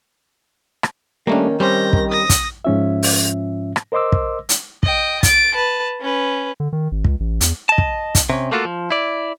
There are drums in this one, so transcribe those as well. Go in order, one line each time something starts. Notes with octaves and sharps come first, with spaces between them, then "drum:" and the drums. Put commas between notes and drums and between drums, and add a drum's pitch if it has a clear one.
drum: rim click
D#3 G3 A3 A#3 C#4 D4
G3 C4 C#4 C5 G6 A#6
drum: kick
D#6 A#6
drum: kick, hi-hat
G#2 F3 C#4 F4 E5
drum: open hi-hat
drum: rim click
A#4 C5 D#5 C6 D6 E6
drum: kick
drum: hi-hat
D#5 G5, drum: kick
A6 D7, drum: kick, hi-hat
B4 A5
C#4 B4
D3
D#3
G#1
C#2, drum: kick
A1
E2, drum: hi-hat
D#5 A5
drum: kick
drum: kick, hi-hat
C3 C#4
A3 A#3 F4 F#4 A4
F3
E4 D5